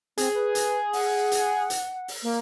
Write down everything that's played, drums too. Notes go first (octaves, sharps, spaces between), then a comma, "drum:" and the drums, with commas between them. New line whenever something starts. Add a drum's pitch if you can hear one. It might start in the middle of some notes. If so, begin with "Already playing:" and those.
C4 G#4, drum: hi-hat
B4
drum: hi-hat
F#5, drum: open hi-hat
drum: hi-hat
drum: hi-hat
drum: open hi-hat
A#3